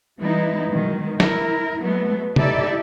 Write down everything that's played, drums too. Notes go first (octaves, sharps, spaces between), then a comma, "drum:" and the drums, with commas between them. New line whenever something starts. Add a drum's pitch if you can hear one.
E3 G3 G#3 B3 D#4 E4
B2 D#3 F#3 G#3
E4 A#4, drum: snare
F#3 G#3 A3 B3
D#4 E4 G4 A4 D5 E5, drum: tom C3